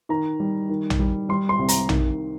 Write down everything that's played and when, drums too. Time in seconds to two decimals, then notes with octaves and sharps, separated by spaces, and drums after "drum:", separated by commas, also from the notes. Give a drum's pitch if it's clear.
0.09 D#3 A#5
0.40 G3
0.69 D#3
0.90 drum: tom A#1
0.99 G3
1.29 G3 C6
1.49 C6
1.59 C2
1.68 A#5, drum: hi-hat
1.89 D#3, drum: tom A#1